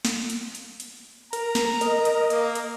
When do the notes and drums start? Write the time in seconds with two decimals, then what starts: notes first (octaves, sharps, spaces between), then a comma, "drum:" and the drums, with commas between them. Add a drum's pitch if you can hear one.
0.05 drum: snare
0.30 drum: hi-hat
0.55 drum: hi-hat
0.80 drum: hi-hat
1.33 A#4 A#5, drum: hi-hat
1.55 drum: snare
1.81 A#4 D#5, drum: hi-hat
2.05 drum: hi-hat
2.30 A#3, drum: hi-hat
2.55 drum: hi-hat